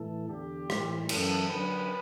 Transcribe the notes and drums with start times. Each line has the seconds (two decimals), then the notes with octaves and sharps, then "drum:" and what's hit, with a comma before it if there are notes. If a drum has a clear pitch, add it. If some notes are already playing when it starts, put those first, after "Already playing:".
Already playing: A2 E3 A4
0.29 E2 D3 G4
0.70 A2 E3, drum: rim click
1.09 F#2 E3 A4, drum: cymbal
1.49 F#2 D3 B4